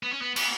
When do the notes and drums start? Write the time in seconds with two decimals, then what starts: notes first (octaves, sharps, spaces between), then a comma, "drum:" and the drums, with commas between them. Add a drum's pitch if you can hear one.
0.03 B3
0.13 C#4
0.22 B3
0.36 B3, drum: cymbal